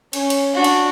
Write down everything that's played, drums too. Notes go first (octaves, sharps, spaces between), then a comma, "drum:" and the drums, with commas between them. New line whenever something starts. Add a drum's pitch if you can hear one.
C#4, drum: cymbal
drum: cymbal
D4 F#4
drum: cymbal